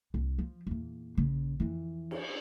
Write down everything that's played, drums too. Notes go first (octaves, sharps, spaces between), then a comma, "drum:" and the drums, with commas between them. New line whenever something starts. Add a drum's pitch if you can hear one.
C2
F3
E2 A#2
A#1 C#3
F2 E3
drum: cymbal